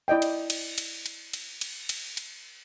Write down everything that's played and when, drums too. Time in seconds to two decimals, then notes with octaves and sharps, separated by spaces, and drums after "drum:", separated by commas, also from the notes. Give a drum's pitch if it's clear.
0.08 E4 D5 D#5 G5
0.22 drum: cymbal
0.50 drum: cymbal
0.78 drum: cymbal
1.06 drum: cymbal
1.33 drum: cymbal
1.61 drum: cymbal
1.89 drum: cymbal
2.17 drum: cymbal